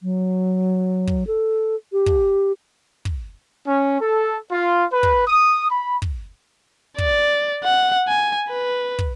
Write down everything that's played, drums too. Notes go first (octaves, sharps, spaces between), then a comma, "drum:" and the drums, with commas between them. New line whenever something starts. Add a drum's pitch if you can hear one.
F#3
drum: kick
A4
G4
drum: kick
drum: kick
C#4
A4
F4
B4
drum: kick
D#6
B5
drum: kick
D5, drum: kick
F#5
G#5
B4
drum: kick